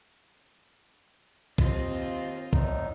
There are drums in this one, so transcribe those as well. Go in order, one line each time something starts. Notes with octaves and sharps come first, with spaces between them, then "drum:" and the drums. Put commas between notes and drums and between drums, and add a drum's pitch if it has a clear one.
D#2 C4 F4 D#5, drum: kick
E2 A2 D#4, drum: kick